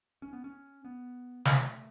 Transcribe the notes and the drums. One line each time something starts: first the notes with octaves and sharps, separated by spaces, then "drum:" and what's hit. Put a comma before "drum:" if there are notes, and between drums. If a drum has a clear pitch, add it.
C#4
B3
C#4
B3
A3, drum: snare